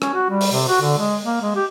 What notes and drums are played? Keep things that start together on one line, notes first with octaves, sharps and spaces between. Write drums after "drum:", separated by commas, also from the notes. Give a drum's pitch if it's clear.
C#4, drum: rim click
F#4
G3
drum: open hi-hat
C3
F#4
D3
G#3
A#3
G#3
G4